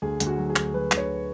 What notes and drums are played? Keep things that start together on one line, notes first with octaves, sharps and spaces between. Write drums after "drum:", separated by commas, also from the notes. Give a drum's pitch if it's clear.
D2 G#4
D2, drum: hi-hat
F#4
F#3
G#4
D2, drum: clap
F#3 B4
D2, drum: clap
C#5